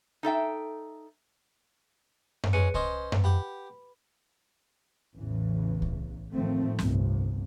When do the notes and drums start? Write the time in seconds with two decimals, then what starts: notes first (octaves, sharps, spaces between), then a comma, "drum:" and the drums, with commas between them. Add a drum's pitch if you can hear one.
0.23 D#4 A4 E5 G5
2.44 drum: tom F#2
2.53 G#3 C#4 B4 C#7 D#7
2.74 C#4 C5 D#5, drum: kick C2
3.12 drum: tom F#2
3.24 G4 F#5 B5
5.16 A1 E2 C#3 E3
5.82 drum: kick C2
6.33 A2 D#3 F3 A3 C4
6.79 G1 C2 C3, drum: snare